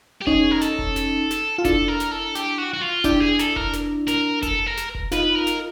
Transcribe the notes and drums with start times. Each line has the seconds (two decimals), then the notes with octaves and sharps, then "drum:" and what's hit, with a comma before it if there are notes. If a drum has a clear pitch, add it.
0.22 G4
0.27 C#4 D#4 G#4, drum: kick F1
0.51 A#4
0.61 A4, drum: snare
0.79 drum: kick F1
0.96 drum: snare
1.31 drum: snare
1.58 F4
1.65 D4 E4 A4, drum: kick F1, hi-hat
1.88 A#4
2.00 drum: snare
2.11 A4
2.35 G4, drum: snare
2.58 F#4
2.74 F#4
2.81 F4
3.04 D4 E4 G4, drum: kick F1, hi-hat
3.21 G#4
3.39 A4, drum: snare
3.56 A#4, drum: kick F1
3.73 drum: snare
4.08 A#4, drum: snare
4.43 A4, drum: kick F1, hi-hat
4.66 A#4
4.77 drum: snare
4.95 drum: kick F1
5.12 D#4 F4 B4, drum: snare
5.35 A#4
5.47 drum: snare